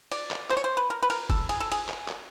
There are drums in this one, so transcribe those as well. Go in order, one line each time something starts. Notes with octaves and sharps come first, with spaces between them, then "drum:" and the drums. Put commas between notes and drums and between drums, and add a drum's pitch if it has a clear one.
D5, drum: cymbal
drum: clap
C5, drum: clap
C#5
C5
B4
A#4
B4
A#4, drum: cymbal
A4, drum: kick, cymbal
G#4, drum: cymbal
A4
G#4, drum: cymbal
drum: clap
drum: clap